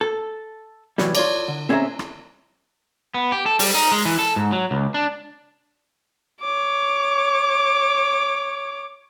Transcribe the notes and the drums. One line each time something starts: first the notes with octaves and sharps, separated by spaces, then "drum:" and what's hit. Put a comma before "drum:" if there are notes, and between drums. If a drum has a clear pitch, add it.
A4
C2 F2 E3 F#3 G3, drum: snare
F4 C#5 D5, drum: cymbal
D3
C4 C#4 G#4 C#5 E5 A#5
drum: rim click
B3
G4
A4
G3, drum: open hi-hat
D#4
G#3
E3
A4
G#2
F#3
C#2
D4
C#5 D6